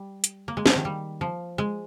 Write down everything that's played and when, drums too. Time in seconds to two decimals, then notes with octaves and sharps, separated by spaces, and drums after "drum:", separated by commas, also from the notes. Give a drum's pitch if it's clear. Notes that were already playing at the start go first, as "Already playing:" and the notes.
Already playing: G3
0.24 drum: hi-hat
0.48 A#3
0.57 G#3
0.66 F3, drum: snare
0.76 D#3
0.85 G3
1.21 F3
1.58 G#3